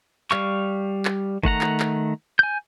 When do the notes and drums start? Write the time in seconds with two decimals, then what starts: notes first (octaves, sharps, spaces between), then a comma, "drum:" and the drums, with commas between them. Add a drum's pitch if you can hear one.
0.31 G3 F5 C#6, drum: clap
1.05 drum: clap
1.43 D#3 A3 F#5 A#5, drum: kick G1
1.61 drum: clap
1.80 drum: clap
2.39 G#5 G6